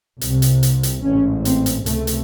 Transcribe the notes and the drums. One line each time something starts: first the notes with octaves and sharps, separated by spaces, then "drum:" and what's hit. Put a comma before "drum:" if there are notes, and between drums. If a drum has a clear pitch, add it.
C2 C3, drum: hi-hat
drum: hi-hat
drum: hi-hat
drum: hi-hat
A1 G#2 C#4
C4, drum: hi-hat
drum: hi-hat
C#2 C3 A3, drum: hi-hat
drum: hi-hat